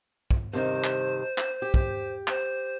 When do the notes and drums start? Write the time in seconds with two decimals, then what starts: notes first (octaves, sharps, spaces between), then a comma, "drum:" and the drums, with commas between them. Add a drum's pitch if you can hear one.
0.31 drum: kick
0.53 G2 C3 D#3 C5
0.84 drum: clap
1.38 drum: clap
1.62 G4
1.74 drum: kick
2.28 C5, drum: clap